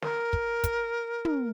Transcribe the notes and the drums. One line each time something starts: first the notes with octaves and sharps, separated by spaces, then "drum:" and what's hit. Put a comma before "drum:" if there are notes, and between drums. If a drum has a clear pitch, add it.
A#4, drum: snare
drum: kick
drum: kick, hi-hat
drum: tom